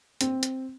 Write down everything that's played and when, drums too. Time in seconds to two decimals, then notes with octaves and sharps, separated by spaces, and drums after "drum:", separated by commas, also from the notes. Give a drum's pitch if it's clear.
0.21 C4, drum: hi-hat
0.43 drum: hi-hat